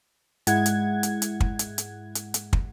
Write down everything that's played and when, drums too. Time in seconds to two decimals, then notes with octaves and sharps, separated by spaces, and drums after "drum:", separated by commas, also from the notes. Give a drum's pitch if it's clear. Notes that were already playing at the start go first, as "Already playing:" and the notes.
0.47 G#2 G#3 E4 F#5 G#6, drum: hi-hat
0.66 drum: hi-hat
1.03 drum: hi-hat
1.22 drum: hi-hat
1.40 drum: kick
1.59 drum: hi-hat
1.78 drum: hi-hat
2.15 drum: hi-hat
2.34 drum: hi-hat
2.53 drum: kick